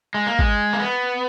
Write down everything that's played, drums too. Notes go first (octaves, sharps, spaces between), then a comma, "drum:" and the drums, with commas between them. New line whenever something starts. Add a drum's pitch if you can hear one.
G#3
A#3
G#3, drum: kick
A#3
B3